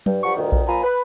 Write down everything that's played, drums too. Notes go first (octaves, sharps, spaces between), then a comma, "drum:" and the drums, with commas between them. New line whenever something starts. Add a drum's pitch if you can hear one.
G2, drum: tom F#3
G2 F3 G3 F#5 C#6
D2 G2 A#2 D#3
drum: kick A#1
A#2 F3 F4 G#5 A#5 B5
B4